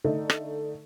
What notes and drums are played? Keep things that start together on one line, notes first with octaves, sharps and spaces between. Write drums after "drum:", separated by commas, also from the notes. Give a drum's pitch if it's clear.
D3 A3 D#4
drum: rim click